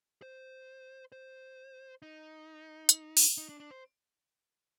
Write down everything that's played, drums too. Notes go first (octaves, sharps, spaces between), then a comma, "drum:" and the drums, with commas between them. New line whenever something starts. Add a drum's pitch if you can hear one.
C5
C5
D#4
drum: hi-hat
drum: open hi-hat
D#4
D4
D4
C5